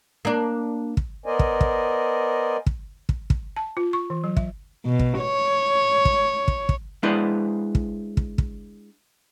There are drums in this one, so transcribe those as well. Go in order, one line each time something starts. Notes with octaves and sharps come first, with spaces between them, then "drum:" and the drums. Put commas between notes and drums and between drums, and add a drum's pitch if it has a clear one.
A#3 D4
drum: kick
B3 A#4 C5 D5 D#5 G#5
drum: kick
drum: kick
drum: kick
drum: kick
drum: kick
A5
F4
C#6
E3
F#3
E5, drum: kick
B2
drum: kick
C#5
drum: kick
drum: kick
drum: kick
G#3 D4 E4 B4 C5
drum: kick
drum: kick
drum: kick